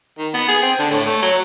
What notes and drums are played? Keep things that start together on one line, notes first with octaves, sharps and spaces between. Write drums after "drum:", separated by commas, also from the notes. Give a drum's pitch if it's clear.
D#3
B3
G#4
C4
D3
A2, drum: open hi-hat
A3
F#3